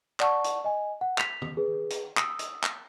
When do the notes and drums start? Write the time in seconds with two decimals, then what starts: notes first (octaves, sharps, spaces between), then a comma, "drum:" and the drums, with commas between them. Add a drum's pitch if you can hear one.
0.20 D5 F#5 A5 C#6, drum: clap
0.44 drum: hi-hat
0.64 D#5 G#5
1.01 F#5
1.18 B6 F7, drum: clap
1.42 drum: tom
1.57 G#4 B4
1.90 drum: hi-hat
2.17 D#6 E6, drum: clap
2.39 drum: hi-hat
2.63 drum: clap